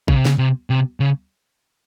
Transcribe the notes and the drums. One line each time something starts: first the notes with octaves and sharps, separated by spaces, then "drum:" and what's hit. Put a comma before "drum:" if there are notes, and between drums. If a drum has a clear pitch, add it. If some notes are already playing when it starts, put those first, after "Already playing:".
C#3, drum: kick A#1
C3
C#3, drum: snare
C3
C3
C#3